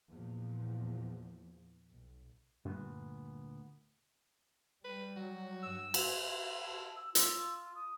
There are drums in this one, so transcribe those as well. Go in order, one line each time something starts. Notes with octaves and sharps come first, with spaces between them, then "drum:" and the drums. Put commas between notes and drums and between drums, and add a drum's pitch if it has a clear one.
E2 A#2 F3
B1
D2 G2 A#2 B3
G3 B4
F#3 F#4
G2 E6
drum: cymbal
A5
E6
F4 E6, drum: hi-hat
D#6